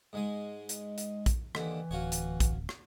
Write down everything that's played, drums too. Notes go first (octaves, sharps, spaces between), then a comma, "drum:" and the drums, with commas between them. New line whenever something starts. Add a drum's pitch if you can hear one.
G#2 G#3 G#5
drum: hi-hat
drum: hi-hat
drum: kick, hi-hat
D#2 D3 E3, drum: rim click
D1 F4 F#4 C#5
drum: hi-hat
drum: kick, hi-hat
drum: rim click